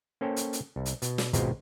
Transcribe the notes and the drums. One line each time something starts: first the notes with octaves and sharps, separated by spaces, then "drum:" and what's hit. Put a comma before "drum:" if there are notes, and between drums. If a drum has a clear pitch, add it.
A#3 C#4 A4 C5 C#5 G5
drum: hi-hat
drum: hi-hat
C2
drum: hi-hat
B2, drum: hi-hat
drum: snare
G#1 B2 G#3 C4 F4 A#5, drum: kick, hi-hat